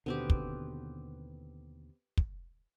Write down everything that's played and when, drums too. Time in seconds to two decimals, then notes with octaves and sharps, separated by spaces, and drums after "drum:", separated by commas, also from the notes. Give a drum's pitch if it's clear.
0.06 D#2 B2 D3 B3 C4 G4
0.30 drum: kick
2.17 drum: kick